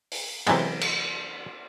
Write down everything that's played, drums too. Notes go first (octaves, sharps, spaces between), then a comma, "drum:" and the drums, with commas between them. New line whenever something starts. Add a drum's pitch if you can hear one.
drum: open hi-hat
C3 E3 F#3 G#3 B3, drum: cymbal
drum: cymbal